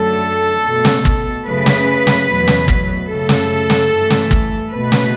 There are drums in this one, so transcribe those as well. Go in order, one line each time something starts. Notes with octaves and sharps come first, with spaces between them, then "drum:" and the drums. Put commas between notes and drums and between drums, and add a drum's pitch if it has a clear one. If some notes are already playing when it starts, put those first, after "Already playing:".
Already playing: F#2 D3 F#3 A3 A4
B2 A3
drum: snare
drum: kick
F#2 C#3 F#3 A3 B4
drum: snare
drum: snare
E2 B2 F#3 A3
drum: snare
drum: kick
F#2 C#3 F#3 A3 A4
drum: snare
drum: snare
G2 E3 A3
drum: snare
drum: kick
B2 A3 B4
drum: snare